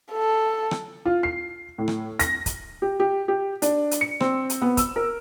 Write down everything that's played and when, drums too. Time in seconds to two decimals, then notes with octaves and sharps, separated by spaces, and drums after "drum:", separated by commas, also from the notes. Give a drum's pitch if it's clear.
0.12 A4
0.71 drum: rim click
1.05 F4
1.23 C7
1.78 A2
1.88 drum: rim click
2.19 A#6, drum: hi-hat
2.46 drum: kick, hi-hat
2.82 G4
3.00 G4
3.28 G4
3.62 D4, drum: hi-hat
3.91 drum: hi-hat
4.01 C#7
4.20 C4, drum: rim click
4.50 drum: hi-hat
4.62 B3
4.77 E6, drum: kick, hi-hat
4.96 A#4